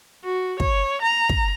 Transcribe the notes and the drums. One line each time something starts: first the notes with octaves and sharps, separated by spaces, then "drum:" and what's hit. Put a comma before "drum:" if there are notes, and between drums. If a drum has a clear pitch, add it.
F#4
C#5, drum: kick
A#5
drum: kick